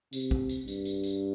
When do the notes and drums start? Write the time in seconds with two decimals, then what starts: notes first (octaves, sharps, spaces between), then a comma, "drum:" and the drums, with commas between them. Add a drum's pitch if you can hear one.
0.13 C3, drum: tambourine
0.31 drum: kick
0.49 drum: tambourine
0.68 G2, drum: tambourine
0.85 drum: tambourine
1.04 drum: tambourine